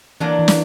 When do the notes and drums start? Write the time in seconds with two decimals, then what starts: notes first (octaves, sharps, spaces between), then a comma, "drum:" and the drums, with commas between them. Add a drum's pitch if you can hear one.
0.20 D3 E3 F#3 A#3 D4
0.39 E3
0.48 drum: snare